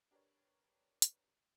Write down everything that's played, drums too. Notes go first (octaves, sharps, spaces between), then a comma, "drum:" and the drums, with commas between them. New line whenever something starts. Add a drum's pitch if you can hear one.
D4 G4 A#4 B4 C#5 D5
drum: hi-hat